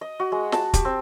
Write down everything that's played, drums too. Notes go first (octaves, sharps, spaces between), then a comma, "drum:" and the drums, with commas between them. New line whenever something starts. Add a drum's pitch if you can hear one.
D#5
F#4
G#3
A5, drum: snare
G4, drum: kick, hi-hat
C4